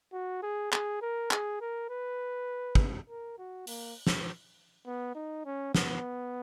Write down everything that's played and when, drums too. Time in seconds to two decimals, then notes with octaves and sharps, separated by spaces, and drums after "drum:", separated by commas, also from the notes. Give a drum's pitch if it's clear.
0.13 F#4
0.42 G#4
0.72 G#4, drum: clap
1.02 A#4
1.31 G#4, drum: clap
1.61 A#4
1.90 B4
2.75 drum: kick
3.09 A#4
3.38 F#4
3.67 A#3, drum: open hi-hat
4.07 drum: snare
4.86 B3
5.15 D#4
5.45 C#4
5.75 B3, drum: snare